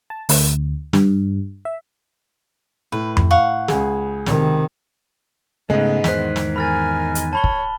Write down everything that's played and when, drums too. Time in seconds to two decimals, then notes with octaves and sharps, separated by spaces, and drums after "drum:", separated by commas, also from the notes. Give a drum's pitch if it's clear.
0.10 A5
0.29 D2, drum: open hi-hat
0.93 G2, drum: snare
1.65 E5
2.92 A2 B4
3.17 drum: tom F2
3.31 F5 F#5 C#6
3.68 C#2 G#4, drum: snare
4.26 C3 D#3, drum: snare
5.70 G#2 C#3 G#3 A3 B3
6.04 E2 D#3 C5 F#6 B6, drum: snare
6.36 drum: snare
6.56 A#4 G#5 B5 F6 A6
7.15 drum: hi-hat
7.33 C#5 A5 B5 G7
7.44 drum: kick